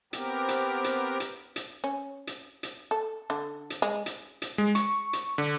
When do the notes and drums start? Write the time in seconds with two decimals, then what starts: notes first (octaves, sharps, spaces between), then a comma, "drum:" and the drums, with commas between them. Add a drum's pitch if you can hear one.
0.13 B3 C4 G4 A#4, drum: hi-hat
0.49 drum: hi-hat
0.84 drum: hi-hat
1.20 drum: hi-hat
1.56 drum: hi-hat
1.84 C#4
2.27 drum: hi-hat
2.63 drum: hi-hat
2.91 A4
3.30 D3
3.70 drum: hi-hat
3.82 G#3
4.06 drum: hi-hat
4.42 drum: hi-hat
4.58 G#3
4.75 C#6, drum: hi-hat
5.13 drum: hi-hat
5.38 D3